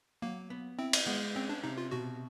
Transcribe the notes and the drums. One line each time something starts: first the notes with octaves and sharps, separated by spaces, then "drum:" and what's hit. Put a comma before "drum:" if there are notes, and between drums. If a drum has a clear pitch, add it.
F#3 A#3
B3
C4 E4
drum: cymbal
G#3 B3
C4 C#4
D4
C3 D#4
F4
B2 F#4